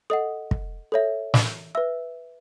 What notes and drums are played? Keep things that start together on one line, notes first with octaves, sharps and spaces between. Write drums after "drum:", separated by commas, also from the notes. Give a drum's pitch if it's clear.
A4 D#5 F#5 D#6
drum: kick
A4 C#5 E5
drum: snare
B4 E5 E6